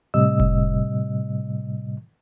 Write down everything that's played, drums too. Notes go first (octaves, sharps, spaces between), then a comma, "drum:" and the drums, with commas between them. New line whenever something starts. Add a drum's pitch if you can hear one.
A2 C3 G3 D#5 E6
drum: kick F1